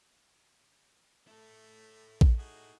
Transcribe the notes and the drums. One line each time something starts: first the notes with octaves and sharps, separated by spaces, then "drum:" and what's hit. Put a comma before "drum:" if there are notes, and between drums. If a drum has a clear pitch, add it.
A3 E4 A4
drum: kick A#1
D#4 F#4 G#4